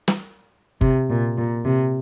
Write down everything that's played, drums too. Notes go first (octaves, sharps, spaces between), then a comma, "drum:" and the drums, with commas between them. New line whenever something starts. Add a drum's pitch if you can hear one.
drum: snare
C3, drum: kick G1
A#2
A#2
C3